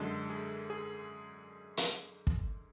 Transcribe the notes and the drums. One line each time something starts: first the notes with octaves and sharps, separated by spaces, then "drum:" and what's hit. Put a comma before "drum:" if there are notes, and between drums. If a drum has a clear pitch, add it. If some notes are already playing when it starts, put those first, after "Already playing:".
Already playing: F#2 D3 G#3 A4
G#4
G#4
drum: hi-hat
drum: kick